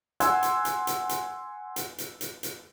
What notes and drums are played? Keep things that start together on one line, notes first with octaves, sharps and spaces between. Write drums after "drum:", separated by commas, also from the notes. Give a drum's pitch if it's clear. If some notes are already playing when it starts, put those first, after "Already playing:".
F#5 G#5 C6 E6 F#6 G#6, drum: hi-hat
drum: hi-hat
drum: hi-hat
drum: hi-hat
drum: hi-hat
drum: hi-hat
drum: hi-hat
drum: hi-hat
drum: hi-hat